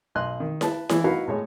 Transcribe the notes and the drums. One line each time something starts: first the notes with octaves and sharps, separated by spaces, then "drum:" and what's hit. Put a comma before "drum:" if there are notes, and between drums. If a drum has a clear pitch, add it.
B1 D#5 C6 F#6
D#3
B4 A5, drum: snare E4
E3, drum: snare E4
D#4 E4 F#4 A#4 B4 F5
A2 G#3 C#5